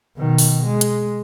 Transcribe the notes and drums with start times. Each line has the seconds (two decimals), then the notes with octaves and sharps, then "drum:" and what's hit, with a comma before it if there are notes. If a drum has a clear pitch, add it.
0.17 B2 D#3
0.38 drum: open hi-hat
0.66 G#3
0.81 drum: hi-hat